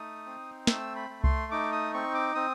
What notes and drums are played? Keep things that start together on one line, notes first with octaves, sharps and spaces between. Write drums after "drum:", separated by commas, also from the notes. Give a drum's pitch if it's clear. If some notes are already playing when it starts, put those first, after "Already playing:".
Already playing: A3 D#4 D#6
C4
A3 E6, drum: snare
B5
A3
C6, drum: kick C2
D#4 D6
D#6
C4 C#6
D6
C4 D#6